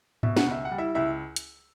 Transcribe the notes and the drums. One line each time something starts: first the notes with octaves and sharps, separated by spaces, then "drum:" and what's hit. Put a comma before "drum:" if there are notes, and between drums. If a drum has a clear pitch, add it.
B2 E5, drum: tom G#2
F#5, drum: snare
C#2 E5
F#5
G3
E4 E5
C#2 E4 E5
drum: hi-hat